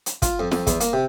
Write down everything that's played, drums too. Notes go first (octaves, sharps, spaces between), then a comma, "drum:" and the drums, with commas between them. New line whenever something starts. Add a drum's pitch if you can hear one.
drum: hi-hat
F4, drum: kick, hi-hat
F2
F2, drum: snare
E2, drum: kick, hi-hat
A#3, drum: hi-hat
C3